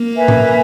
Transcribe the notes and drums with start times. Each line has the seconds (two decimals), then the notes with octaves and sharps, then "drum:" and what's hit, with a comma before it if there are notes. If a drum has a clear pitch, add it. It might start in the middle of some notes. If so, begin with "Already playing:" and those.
Already playing: A#3
0.16 B4 E5 G#5
0.28 drum: tom A#2